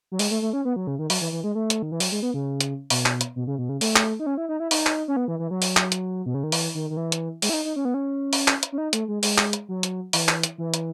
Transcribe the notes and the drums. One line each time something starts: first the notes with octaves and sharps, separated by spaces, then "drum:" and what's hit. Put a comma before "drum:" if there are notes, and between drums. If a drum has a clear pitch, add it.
F#3
G#3, drum: open hi-hat
A3
A3
C#4
B3
F#3
C#3
D#3
F#3, drum: open hi-hat
E3
E3
G#3
A3
drum: hi-hat
D#3
E3
F#3, drum: open hi-hat
G#3
B3
C#3
drum: hi-hat
B2, drum: open hi-hat
drum: clap
drum: hi-hat
B2
C#3
B2
C#3
A3, drum: open hi-hat
drum: clap
D#4
C#4
E4
D#4
E4
D#4, drum: open hi-hat
drum: clap
C#4
B3
E3
E3
F#3
drum: open hi-hat
drum: clap
drum: hi-hat
B2
C#3
D#3
E3, drum: open hi-hat
D#3
D#3
E3
drum: hi-hat
G#3, drum: open hi-hat
E4
D#4
D#4
C#4
B3
C#4
drum: open hi-hat
drum: clap
drum: hi-hat
C#4
D#4
A3, drum: hi-hat
G#3
G#3, drum: open hi-hat
drum: clap
drum: hi-hat
F#3
drum: hi-hat
E3, drum: open hi-hat
drum: clap
drum: hi-hat
E3
drum: hi-hat